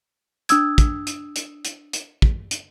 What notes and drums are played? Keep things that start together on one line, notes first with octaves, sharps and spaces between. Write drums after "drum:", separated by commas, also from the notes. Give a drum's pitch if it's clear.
D4 D#6 E6 G#6, drum: hi-hat
drum: kick, hi-hat
drum: hi-hat
drum: hi-hat
drum: hi-hat
drum: hi-hat
drum: kick
drum: hi-hat